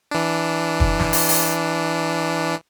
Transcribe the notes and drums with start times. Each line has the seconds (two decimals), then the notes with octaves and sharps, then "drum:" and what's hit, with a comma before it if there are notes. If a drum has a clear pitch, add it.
0.11 E3 D4
0.80 drum: kick
1.00 drum: snare
1.13 drum: open hi-hat
1.29 drum: open hi-hat